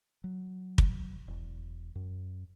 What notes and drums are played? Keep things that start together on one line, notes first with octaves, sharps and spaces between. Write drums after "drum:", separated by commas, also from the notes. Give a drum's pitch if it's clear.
F#3
drum: kick
E1
F#2